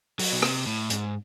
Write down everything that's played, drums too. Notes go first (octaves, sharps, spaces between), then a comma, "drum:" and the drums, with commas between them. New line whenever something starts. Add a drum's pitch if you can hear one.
F#3, drum: open hi-hat
B2
C3, drum: rim click
A2
G#2, drum: hi-hat